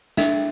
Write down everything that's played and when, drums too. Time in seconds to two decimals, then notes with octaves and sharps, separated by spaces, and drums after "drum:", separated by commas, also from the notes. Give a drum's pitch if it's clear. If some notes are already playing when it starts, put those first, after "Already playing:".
0.17 D4 E5, drum: snare